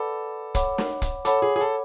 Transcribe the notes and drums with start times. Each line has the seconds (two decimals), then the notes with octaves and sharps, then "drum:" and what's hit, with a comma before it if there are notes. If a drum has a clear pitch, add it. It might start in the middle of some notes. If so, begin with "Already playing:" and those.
Already playing: A4 B4 D5 F#5 B5 D6
0.55 C#5 F#5 B5 D6, drum: kick, hi-hat
0.78 drum: snare
1.02 drum: kick, hi-hat
1.25 A4 C#5 F#5 B5 D6, drum: hi-hat
1.42 G#4
1.56 G#4
1.61 A4